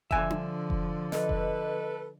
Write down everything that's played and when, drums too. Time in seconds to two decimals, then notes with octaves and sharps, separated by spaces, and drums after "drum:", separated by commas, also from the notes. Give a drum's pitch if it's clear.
0.11 D3 F3 E5 G#5, drum: kick F1
0.30 drum: tom D4
0.70 drum: kick F1
1.12 A4 B4 D#5, drum: snare
1.29 drum: kick F1